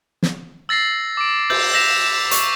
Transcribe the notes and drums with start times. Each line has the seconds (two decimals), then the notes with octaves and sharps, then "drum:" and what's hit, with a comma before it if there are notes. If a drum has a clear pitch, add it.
0.23 drum: snare
0.69 E6 A6 A#6 C7 F#7
1.17 D6 D7
1.50 E6 G6 A6 F#7, drum: cymbal
1.73 E6 G6 A#6 B6 E7 F7
2.31 C#6, drum: hi-hat